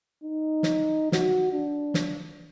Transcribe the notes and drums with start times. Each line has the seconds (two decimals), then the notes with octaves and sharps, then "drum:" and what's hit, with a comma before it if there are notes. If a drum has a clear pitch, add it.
0.24 D#4
0.63 drum: snare
1.12 F#4, drum: snare
1.53 D4
1.94 drum: snare